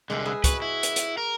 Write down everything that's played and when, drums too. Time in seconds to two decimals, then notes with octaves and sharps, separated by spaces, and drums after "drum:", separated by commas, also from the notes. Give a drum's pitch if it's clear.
0.10 C2 D3 G#3 E5 F5
0.25 G#4 B4 E5
0.44 F#4 B4, drum: kick, hi-hat
0.62 E4
0.83 drum: hi-hat
0.96 drum: hi-hat
1.17 A#4